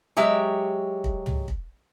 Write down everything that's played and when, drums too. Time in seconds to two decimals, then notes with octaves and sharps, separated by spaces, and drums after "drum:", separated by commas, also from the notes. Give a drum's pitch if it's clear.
0.17 F#3 G#3 G4 E5
1.04 drum: kick
1.26 drum: tom
1.48 drum: kick